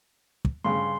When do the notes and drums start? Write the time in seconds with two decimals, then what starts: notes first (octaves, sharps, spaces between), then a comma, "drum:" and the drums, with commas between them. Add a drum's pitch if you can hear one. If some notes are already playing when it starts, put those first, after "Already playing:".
0.45 drum: kick
0.65 G2 C#3 C6